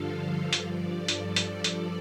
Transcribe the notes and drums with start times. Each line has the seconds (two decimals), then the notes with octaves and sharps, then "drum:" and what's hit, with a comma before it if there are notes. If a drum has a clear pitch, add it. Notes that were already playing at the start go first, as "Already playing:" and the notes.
Already playing: G2 D3 F3 A4 F5
0.53 G2 F3 D5, drum: hi-hat
0.95 A4
1.08 drum: hi-hat
1.36 drum: hi-hat
1.64 drum: hi-hat